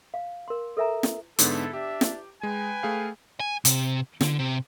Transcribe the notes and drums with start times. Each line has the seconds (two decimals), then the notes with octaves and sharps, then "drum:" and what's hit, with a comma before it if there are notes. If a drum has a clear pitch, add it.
0.14 F5
0.48 A#4 C6
0.77 A4 A#4 E5 G#5 A#5
1.03 drum: snare
1.39 G#2 D3 B3 E4 A4, drum: hi-hat
1.73 D4 G4 E5
2.01 drum: snare
2.43 G#3 B4 G5 G#5
2.83 A3 G#4 F5
3.40 G#5
3.65 C3, drum: hi-hat
4.21 D3, drum: snare
4.39 C3